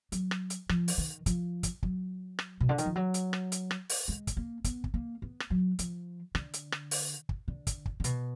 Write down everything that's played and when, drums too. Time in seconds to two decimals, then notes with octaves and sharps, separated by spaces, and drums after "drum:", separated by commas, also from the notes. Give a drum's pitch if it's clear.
0.12 F#3, drum: hi-hat
0.31 drum: rim click
0.50 drum: hi-hat
0.69 F3, drum: rim click
0.88 drum: open hi-hat
0.98 D#3
1.26 F3, drum: kick, hi-hat
1.63 drum: kick, hi-hat
1.83 F#3, drum: kick
2.39 drum: rim click
2.61 B2
2.69 D3
2.78 D#3, drum: hi-hat
2.86 F3
2.96 F#3
3.14 drum: hi-hat
3.33 drum: rim click
3.52 drum: hi-hat
3.71 drum: rim click
3.89 drum: open hi-hat
4.08 G#3
4.27 drum: kick, hi-hat
4.37 A#3
4.64 B3, drum: kick, hi-hat
4.84 drum: kick
4.94 A#3
5.22 B3
5.40 drum: rim click
5.50 F#3
5.79 F3, drum: hi-hat
6.35 D3, drum: rim click
6.54 drum: hi-hat
6.72 drum: rim click
6.91 drum: open hi-hat
7.29 drum: kick
7.48 D3
7.67 drum: kick, hi-hat
7.86 drum: kick
8.00 D3
8.04 B2, drum: hi-hat